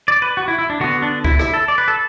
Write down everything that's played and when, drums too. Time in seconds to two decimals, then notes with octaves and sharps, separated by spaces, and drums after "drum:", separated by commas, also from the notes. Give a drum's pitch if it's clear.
0.08 D5
0.22 B4
0.37 F#4
0.48 E4
0.59 E4
0.70 D4
0.80 D3 B3 F#4
1.02 D4
1.24 E4, drum: kick C#2
1.39 E4, drum: rim click
1.54 A4
1.68 D5
1.78 B4
1.88 A4